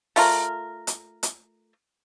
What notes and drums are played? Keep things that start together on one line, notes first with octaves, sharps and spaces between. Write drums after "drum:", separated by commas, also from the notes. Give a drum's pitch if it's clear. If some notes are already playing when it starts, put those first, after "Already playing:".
A3 F4 A#4, drum: open hi-hat
drum: hi-hat
drum: hi-hat